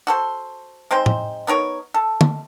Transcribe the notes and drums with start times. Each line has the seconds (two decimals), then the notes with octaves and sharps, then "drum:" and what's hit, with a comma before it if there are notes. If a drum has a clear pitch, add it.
0.07 F#4 A4 C5
0.91 G#3 C4 D#4 C5
1.06 drum: tom A2
1.47 B3 D#4 A#4 C#5
1.94 A4
2.21 drum: tom